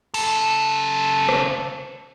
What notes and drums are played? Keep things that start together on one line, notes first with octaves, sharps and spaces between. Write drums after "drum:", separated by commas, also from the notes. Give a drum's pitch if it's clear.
C#3 A4, drum: cymbal
drum: rim click